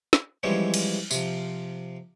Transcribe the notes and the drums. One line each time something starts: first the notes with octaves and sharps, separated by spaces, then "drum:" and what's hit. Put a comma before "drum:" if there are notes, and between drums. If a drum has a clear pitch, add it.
drum: snare
E3 F3 G3 G#3 C4 C#4
drum: cymbal
C3 F3, drum: tambourine